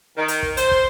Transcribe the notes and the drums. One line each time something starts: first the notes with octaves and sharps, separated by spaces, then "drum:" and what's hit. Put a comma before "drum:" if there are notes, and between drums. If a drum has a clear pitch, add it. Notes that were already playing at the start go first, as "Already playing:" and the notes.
D#3
drum: hi-hat
drum: kick
C5, drum: hi-hat
drum: kick